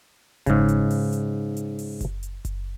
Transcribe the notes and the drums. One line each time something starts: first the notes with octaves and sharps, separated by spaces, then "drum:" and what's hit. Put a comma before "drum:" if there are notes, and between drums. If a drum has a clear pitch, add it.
G#2 C#3, drum: kick F#1, hi-hat
drum: hi-hat
drum: open hi-hat
drum: hi-hat
drum: hi-hat
drum: open hi-hat
drum: kick F#1, hi-hat
drum: hi-hat
drum: kick F#1, hi-hat